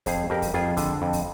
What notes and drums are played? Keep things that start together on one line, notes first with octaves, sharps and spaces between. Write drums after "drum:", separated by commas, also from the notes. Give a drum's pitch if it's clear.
F2 G#4 C5, drum: kick, open hi-hat
F2 G4 A#4
drum: kick, open hi-hat
F2 F4 G#4
D3, drum: kick, open hi-hat
F2
drum: kick, open hi-hat